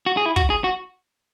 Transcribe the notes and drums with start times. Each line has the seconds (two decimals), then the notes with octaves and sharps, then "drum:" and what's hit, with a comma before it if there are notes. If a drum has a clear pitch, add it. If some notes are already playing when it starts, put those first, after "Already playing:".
0.06 F#4
0.17 G#4
0.26 E4
0.36 F#4, drum: kick
0.50 G#4
0.64 F#4